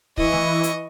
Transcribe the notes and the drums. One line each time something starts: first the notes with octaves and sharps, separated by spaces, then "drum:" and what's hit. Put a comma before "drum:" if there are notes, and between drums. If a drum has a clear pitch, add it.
E3 E4 D#5 C#6, drum: kick
drum: snare
drum: hi-hat